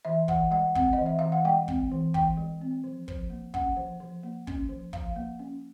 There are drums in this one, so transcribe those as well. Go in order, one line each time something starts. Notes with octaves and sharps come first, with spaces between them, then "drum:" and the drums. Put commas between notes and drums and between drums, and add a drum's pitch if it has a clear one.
E3 E5
E3 F#5, drum: kick
G#3 F#5
C4 F#5, drum: kick
D#5
E3
E5
E3 F5
F#5
G#3 G5
C4, drum: kick
E3
E3 G5, drum: kick
G#3
C4
F3
F3, drum: kick
A#3
C#4 F#5, drum: kick
F3
F3
A#3
C#4, drum: kick
F3
F3 F5, drum: kick
A#3
C#4